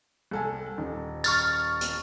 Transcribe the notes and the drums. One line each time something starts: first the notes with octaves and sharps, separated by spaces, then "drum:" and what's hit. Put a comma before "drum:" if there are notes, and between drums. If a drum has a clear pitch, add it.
C2 A4 G#5
D#1
C#6 F6 A6, drum: tambourine
drum: hi-hat